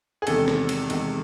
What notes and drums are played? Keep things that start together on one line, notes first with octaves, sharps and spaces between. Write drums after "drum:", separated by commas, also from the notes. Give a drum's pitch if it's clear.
G#4
E2 C3 D#3 G#3 A4, drum: cymbal
drum: snare
drum: cymbal
E2 C3 D#3 G#3, drum: cymbal